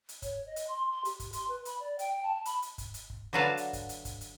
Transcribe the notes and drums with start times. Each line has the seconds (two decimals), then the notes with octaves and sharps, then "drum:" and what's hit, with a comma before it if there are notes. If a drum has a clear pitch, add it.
0.09 drum: hi-hat
0.22 C#5, drum: kick F#1, hi-hat
0.46 D#5
0.56 drum: hi-hat
0.67 C6
0.92 C6
1.05 G4, drum: hi-hat
1.20 drum: kick F#1, hi-hat
1.33 C6, drum: hi-hat
1.48 B4
1.65 B5, drum: hi-hat
1.79 D5
1.99 G5, drum: hi-hat
2.23 A5
2.45 B5, drum: hi-hat
2.62 drum: hi-hat
2.78 drum: kick F#1, hi-hat
2.94 drum: hi-hat
3.10 drum: kick F#1
3.33 D3 F#3 F#4 B4 F5 A5
3.57 drum: hi-hat
3.73 drum: kick F#1, hi-hat
3.89 drum: hi-hat
4.05 drum: kick F#1, hi-hat
4.21 drum: hi-hat